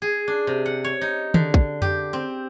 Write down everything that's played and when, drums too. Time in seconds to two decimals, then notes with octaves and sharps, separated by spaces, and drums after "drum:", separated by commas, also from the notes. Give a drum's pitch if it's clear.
0.02 G#4
0.28 D4
0.47 C3
0.66 F#5
0.84 C#5
1.01 D#4
1.34 D3, drum: tom D#3
1.54 drum: kick
1.82 G4, drum: tom F2
2.13 C4